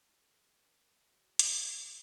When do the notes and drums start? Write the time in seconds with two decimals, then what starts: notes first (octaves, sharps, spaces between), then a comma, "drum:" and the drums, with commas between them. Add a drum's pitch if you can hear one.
0.15 G#3 A#4
1.01 F#3 G#4
1.39 drum: hi-hat